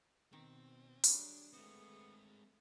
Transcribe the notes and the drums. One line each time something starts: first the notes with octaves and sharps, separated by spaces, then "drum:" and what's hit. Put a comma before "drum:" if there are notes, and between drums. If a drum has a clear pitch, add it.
B2 D#3 C4
F#3 G3 D4 G#4, drum: open hi-hat
G#3 A3 B3 C4 G#4